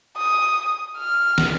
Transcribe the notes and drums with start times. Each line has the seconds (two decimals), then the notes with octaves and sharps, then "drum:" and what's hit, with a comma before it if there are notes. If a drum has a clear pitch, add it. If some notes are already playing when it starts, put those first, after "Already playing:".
0.17 D#6
0.98 F6
1.38 drum: snare